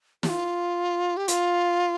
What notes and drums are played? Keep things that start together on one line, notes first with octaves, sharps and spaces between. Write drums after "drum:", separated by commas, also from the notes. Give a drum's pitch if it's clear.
G4, drum: snare
F4
G4
F4, drum: hi-hat